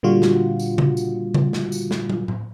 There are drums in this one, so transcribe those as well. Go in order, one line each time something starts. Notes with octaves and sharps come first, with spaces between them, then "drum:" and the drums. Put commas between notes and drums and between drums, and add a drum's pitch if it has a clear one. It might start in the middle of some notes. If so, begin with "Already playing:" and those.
A#2 D3 G3 F4 F#4
drum: snare
drum: tambourine
drum: tom C#3
drum: tambourine
drum: tom C#3
drum: snare
drum: tambourine
drum: snare
drum: tom
drum: tom A2